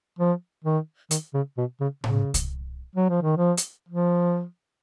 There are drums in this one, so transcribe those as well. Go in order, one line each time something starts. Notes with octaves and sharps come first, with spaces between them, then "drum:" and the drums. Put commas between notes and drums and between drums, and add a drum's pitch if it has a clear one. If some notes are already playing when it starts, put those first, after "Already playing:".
F3
D#3
D#3, drum: hi-hat
C#3
B2
C#3
C#3, drum: tom A2
drum: kick C2, hi-hat
F#3
F3
D#3
F3
drum: hi-hat
F3